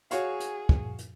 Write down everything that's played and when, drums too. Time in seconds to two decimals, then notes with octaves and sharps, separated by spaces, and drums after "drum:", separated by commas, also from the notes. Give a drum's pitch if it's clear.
0.11 F#4 G#4 C#5 F5, drum: hi-hat
0.40 drum: hi-hat
0.69 drum: kick
0.98 drum: hi-hat